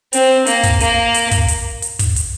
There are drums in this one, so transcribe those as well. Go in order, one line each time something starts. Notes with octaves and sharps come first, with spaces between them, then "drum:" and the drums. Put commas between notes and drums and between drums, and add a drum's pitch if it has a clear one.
C4, drum: hi-hat
A#3, drum: hi-hat
drum: kick, hi-hat
A#3, drum: hi-hat
drum: hi-hat
drum: kick, hi-hat
drum: hi-hat
drum: hi-hat
drum: kick, hi-hat
drum: hi-hat